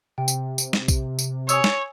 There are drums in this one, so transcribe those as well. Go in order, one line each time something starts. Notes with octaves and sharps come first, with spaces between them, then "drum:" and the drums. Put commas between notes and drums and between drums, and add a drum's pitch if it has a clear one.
C3 G5
drum: tambourine
drum: tambourine
drum: snare
drum: kick A#1, tambourine
drum: tambourine
C#5 G#5 D#6 E6, drum: tambourine
drum: snare